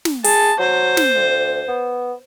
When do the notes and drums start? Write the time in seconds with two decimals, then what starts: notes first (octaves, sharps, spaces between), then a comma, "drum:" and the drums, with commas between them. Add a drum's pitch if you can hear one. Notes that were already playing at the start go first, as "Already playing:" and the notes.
0.05 drum: snare
0.24 G#4 A5, drum: open hi-hat
0.59 F#3 C5
0.97 drum: snare
1.15 D2
1.68 B3